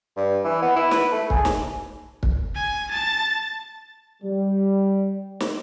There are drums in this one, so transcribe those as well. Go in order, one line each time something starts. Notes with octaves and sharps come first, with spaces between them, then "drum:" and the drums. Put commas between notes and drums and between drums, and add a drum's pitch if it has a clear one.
G2
E3
B3
E4
B4, drum: snare
A3
G#4, drum: kick
drum: snare
drum: kick
G#5
A5
G3
drum: snare